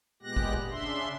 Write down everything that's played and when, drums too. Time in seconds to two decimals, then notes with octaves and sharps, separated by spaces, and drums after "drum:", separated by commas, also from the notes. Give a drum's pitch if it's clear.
0.22 A#2 G#3 B3 G4 F#6 A#6
0.36 drum: kick
0.70 C#3 D4 E5 C6